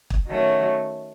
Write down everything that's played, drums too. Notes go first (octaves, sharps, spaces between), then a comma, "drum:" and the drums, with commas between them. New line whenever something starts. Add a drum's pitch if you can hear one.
drum: kick
D#3 F#3 A3 C#4